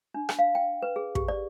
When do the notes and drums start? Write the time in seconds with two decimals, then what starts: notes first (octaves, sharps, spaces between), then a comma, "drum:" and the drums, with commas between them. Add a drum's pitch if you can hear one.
0.14 D4
0.29 drum: rim click
0.39 F5
0.55 G5
0.82 B4
0.96 G#4
1.15 G4, drum: kick
1.28 D5